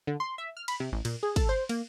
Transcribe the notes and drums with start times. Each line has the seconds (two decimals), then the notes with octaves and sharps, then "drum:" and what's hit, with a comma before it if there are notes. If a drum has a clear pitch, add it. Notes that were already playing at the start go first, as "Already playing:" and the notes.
0.07 D3
0.20 C6
0.38 E5
0.57 F6
0.68 B5, drum: cymbal
0.80 C3
0.92 A1
1.05 A#2, drum: cymbal
1.23 G#4
1.36 A4, drum: kick, cymbal
1.49 C5
1.69 A#3, drum: cymbal